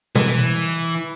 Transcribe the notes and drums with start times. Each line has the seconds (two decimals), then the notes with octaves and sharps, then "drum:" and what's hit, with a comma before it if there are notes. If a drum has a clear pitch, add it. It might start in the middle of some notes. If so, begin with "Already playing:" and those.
0.15 E3, drum: tom B2